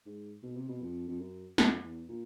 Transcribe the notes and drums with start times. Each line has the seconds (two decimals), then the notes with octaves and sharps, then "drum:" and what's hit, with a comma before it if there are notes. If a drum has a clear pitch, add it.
0.06 G#2
0.43 B2
0.56 C3
0.69 B2
0.82 F2
1.08 F2
1.19 F#2
1.58 F2, drum: snare
1.83 E2
2.08 A#2